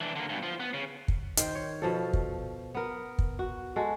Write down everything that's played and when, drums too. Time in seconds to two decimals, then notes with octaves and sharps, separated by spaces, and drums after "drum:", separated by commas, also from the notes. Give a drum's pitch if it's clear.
0.01 E3 D4
0.16 D3 A#3
0.29 G2 B2
0.43 F3 F4
0.60 B3
0.74 C#3
1.08 drum: kick
1.37 D#3 C5 G5, drum: hi-hat
1.55 C#5
1.82 B2 F3 A4
2.13 drum: kick
2.75 B3 A#4
3.19 drum: kick
3.39 F#4
3.76 G#3 F#4 A4